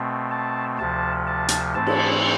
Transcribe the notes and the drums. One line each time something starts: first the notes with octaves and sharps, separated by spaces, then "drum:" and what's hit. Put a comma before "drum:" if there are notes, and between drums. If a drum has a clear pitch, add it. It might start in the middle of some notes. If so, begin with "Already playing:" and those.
Already playing: B2 A3 C4
A5
D2 C3 F3 A5
A5
drum: hi-hat
G#2 E3 A3 C4 A5
drum: cymbal